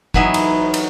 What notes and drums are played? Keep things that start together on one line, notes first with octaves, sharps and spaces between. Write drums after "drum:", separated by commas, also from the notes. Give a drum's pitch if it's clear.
E3 F#3 B3 D#4 E5, drum: kick
drum: cymbal
drum: cymbal